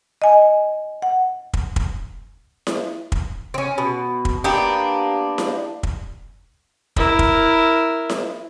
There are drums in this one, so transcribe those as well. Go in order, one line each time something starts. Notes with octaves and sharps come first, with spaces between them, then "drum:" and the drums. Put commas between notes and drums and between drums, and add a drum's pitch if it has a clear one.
D#5 G#5
F#5
drum: kick
drum: kick
drum: snare E4
drum: kick
C4 C#4
B2
drum: kick
A#3 B3 D4 G4
drum: snare E4
drum: kick
E4 A#4, drum: kick
drum: kick
drum: snare E4